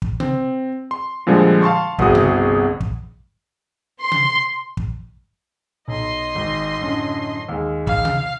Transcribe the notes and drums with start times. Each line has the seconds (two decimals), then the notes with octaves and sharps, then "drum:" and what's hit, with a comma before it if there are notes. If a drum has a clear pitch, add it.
0.02 drum: kick
0.20 C4, drum: tom C3
0.91 C6
1.27 A#2 D3 F3 G3 G#3
1.62 F5 A5 C6 C#6
1.99 G1 C2 C4 F#4 G#4 D#6, drum: kick
2.15 drum: tom C3
2.80 drum: kick
4.01 C6
4.12 drum: tom C3
4.77 drum: kick
5.88 B1 D#5 C6
6.35 G#1
6.81 F#2 A2 D3
7.48 D#2 G#3
7.87 F5, drum: kick
8.05 drum: tom C3